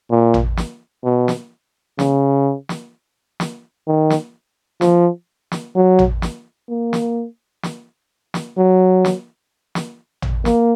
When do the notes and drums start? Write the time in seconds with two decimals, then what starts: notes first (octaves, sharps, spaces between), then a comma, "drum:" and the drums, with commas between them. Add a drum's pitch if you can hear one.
0.10 A#2
0.34 drum: tom
0.57 drum: snare
1.04 B2
1.28 drum: snare
1.99 C#3, drum: snare
2.69 drum: snare
3.40 drum: snare
3.87 D#3
4.10 drum: snare
4.81 F3, drum: snare
5.52 drum: snare
5.75 F#3
5.99 drum: tom
6.22 drum: snare
6.69 A#3
6.93 drum: snare
7.63 drum: snare
8.34 drum: snare
8.58 F#3
9.05 drum: snare
9.75 drum: snare
10.22 drum: tom
10.45 A#3, drum: snare